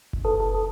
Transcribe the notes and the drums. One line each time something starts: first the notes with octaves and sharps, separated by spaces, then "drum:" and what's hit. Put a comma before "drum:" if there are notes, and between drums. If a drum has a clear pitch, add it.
drum: kick F#1
D#4 G4 A4 B4 A5
A4 A5
A4 A5